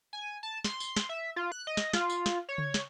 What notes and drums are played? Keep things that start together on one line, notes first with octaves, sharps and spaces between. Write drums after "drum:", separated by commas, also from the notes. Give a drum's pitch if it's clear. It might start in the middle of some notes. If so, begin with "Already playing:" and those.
G#5
A5
C6, drum: snare
drum: tambourine
drum: snare
E5
F4
F#6
D#5
drum: snare
F4, drum: snare
drum: tambourine
drum: snare
C#5
drum: tom C#3
drum: snare